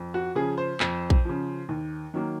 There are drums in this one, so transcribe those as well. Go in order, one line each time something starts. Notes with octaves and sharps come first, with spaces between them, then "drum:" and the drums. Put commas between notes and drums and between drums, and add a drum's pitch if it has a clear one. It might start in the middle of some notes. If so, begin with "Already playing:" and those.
Already playing: F2
F#4
C#3 F3 G#4
C5
F2, drum: clap
drum: kick A#1
C#3 F3
D#2
D#3 F#3 A#3